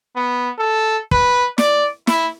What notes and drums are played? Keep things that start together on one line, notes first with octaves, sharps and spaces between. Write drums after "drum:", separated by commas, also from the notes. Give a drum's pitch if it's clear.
B3
A4
B4, drum: kick
D5, drum: snare
E4, drum: snare